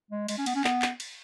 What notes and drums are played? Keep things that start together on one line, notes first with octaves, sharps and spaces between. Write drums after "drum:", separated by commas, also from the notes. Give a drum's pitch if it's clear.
G#3
G#3, drum: cymbal
C#4
B3, drum: cymbal
C#4
B3, drum: clap
drum: clap
drum: cymbal